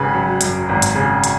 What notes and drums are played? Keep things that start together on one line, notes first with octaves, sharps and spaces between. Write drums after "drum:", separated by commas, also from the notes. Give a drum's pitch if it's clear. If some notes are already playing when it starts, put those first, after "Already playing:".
Already playing: G#1 C#3 B4
F#3
F#2, drum: hi-hat
G#1
drum: hi-hat
C#3
drum: hi-hat